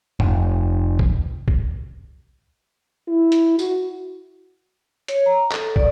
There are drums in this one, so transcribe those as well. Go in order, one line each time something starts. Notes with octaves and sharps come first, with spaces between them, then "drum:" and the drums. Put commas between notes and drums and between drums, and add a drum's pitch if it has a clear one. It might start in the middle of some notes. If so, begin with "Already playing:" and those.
F1, drum: tom G2
drum: kick
drum: kick
E4
drum: hi-hat
F#4, drum: tambourine
C#5, drum: hi-hat
A#5
A4, drum: clap
D5, drum: kick